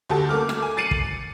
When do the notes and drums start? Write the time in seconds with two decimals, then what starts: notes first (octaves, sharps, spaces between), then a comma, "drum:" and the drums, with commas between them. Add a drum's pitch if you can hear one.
0.09 D2 F#4 G4 A4 A5
0.29 A3 A#3 D6 F6
0.49 drum: rim click
0.62 G#5
0.77 A6 C7 C#7 D#7 F#7
0.91 drum: kick